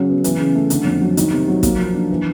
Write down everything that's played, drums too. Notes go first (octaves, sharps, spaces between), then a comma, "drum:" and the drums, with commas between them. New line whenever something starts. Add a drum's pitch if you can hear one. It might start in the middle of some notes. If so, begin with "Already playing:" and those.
Already playing: C#3 F#3
B3
E3, drum: hi-hat
C#3
A3
D3, drum: hi-hat
F2
F#3
D#3, drum: hi-hat
C3
F#3
A#3, drum: kick, hi-hat
F3
D4
E3